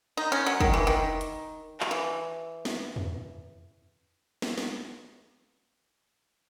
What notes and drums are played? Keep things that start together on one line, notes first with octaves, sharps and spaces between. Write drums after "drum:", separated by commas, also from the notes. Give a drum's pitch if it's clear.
D#4
C#4
F#3
D#3, drum: kick
E3
D#3
drum: hi-hat
drum: clap
E3
drum: snare
drum: tom E2
drum: snare
drum: snare